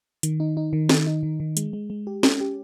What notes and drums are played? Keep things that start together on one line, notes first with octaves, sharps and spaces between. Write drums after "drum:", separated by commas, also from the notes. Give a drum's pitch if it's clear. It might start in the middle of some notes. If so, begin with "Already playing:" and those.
D#3, drum: hi-hat
D#4
D#4
D#3
D#3, drum: snare
D#4
D#3
D#3
G#3, drum: hi-hat
G#3
G#3
G4
C#4, drum: snare
G4